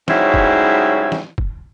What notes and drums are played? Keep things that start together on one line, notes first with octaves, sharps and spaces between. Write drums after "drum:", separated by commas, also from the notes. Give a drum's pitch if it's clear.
G#2 C#3 F#3 G3 E4, drum: snare
drum: kick
drum: snare
drum: kick